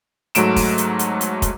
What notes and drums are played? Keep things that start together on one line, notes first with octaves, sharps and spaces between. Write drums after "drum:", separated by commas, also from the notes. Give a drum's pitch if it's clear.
G#2 F#3 A3 D7 E7, drum: hi-hat
drum: kick, open hi-hat
drum: hi-hat
drum: hi-hat
drum: hi-hat
drum: kick, hi-hat